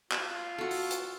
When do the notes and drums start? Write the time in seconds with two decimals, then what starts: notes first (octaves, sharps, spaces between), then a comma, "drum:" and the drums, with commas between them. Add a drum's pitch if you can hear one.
0.11 F4, drum: clap
0.58 F#4 A4
0.71 drum: open hi-hat
0.91 drum: hi-hat